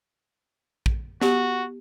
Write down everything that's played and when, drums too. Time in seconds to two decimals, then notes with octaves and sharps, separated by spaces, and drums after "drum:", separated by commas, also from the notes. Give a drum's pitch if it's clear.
0.86 drum: kick
1.21 B3 F#4 G4, drum: snare